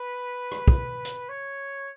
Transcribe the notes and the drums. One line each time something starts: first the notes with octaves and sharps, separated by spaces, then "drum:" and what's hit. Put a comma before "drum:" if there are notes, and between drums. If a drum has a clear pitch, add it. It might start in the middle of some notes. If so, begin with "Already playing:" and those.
Already playing: B4
drum: rim click
drum: kick
drum: hi-hat
C#5